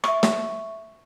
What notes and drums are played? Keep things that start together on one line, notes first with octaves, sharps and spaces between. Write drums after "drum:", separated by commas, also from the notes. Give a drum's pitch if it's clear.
E5 C#6, drum: rim click
drum: snare